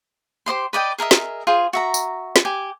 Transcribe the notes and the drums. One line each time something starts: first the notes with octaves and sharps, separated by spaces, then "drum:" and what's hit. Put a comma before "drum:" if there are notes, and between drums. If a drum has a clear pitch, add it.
G4 C5 D#5 C6
B4 D5 D#5 G5
G#4 A#4 D#5 E5
drum: snare
F4 G#4 C5
F#4 E5 A#5
drum: tambourine
drum: snare
G4 G#5